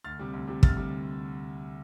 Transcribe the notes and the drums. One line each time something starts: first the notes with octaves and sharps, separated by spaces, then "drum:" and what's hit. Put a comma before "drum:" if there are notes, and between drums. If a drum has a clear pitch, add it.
D2 F6 A6
C3 G3
D2
C3 G3
D2 F6 A6, drum: kick
C3 G3